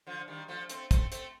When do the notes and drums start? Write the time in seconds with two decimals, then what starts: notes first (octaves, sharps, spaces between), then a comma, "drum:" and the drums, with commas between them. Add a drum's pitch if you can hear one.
0.07 D3 F3
0.28 D#3 G3
0.48 F3 A3
0.70 A3 C4, drum: hi-hat
0.91 A3 C4, drum: kick, hi-hat
1.12 A3 C4, drum: hi-hat